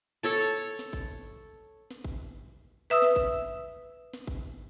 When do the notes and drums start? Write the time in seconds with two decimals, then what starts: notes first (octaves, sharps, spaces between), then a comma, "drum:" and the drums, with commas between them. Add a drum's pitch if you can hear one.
0.23 A4 C#5 A5
0.79 drum: snare
0.93 drum: kick G#1
1.91 drum: snare
2.04 drum: kick G#1
2.90 B4 E5 D#6 E6
3.02 drum: snare
3.16 drum: kick G#1
4.14 drum: snare
4.27 drum: kick G#1